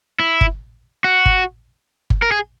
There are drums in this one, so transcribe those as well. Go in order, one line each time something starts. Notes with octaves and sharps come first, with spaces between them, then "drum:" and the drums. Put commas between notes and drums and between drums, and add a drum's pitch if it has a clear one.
E4
drum: kick G1
F#4
drum: kick G1
drum: kick G1
A#4
G#4